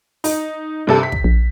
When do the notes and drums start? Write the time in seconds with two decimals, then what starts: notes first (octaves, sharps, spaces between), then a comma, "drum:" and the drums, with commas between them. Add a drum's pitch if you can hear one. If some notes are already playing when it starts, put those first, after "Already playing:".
0.24 D#4, drum: open hi-hat
0.87 G2 C3 A4
1.03 B6
1.12 drum: kick
1.24 A#1